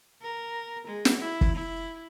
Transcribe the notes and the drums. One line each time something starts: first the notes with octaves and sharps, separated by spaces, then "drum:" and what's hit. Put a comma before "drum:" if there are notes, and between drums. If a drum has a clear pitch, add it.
A#4
G#3
drum: snare
E4
drum: kick F#1
E4